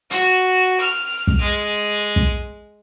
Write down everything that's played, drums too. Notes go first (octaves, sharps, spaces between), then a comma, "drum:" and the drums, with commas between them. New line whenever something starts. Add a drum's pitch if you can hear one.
F#4, drum: hi-hat
F6
drum: kick
G#3
drum: kick